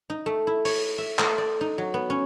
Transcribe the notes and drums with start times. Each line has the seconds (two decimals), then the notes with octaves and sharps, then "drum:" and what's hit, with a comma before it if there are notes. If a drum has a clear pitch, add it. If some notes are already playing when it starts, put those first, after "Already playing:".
0.10 D#4
0.26 A3
0.47 E4
0.65 C#5, drum: open hi-hat
0.98 E5
1.19 A3, drum: clap
1.38 D5
1.61 D#4
1.78 F#3
1.94 B3
2.10 C#4